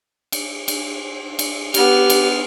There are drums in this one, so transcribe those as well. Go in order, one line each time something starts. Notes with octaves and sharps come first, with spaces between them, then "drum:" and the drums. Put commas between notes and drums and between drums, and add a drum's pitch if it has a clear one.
drum: cymbal
drum: cymbal
drum: cymbal
B3 G4 F6, drum: cymbal
drum: cymbal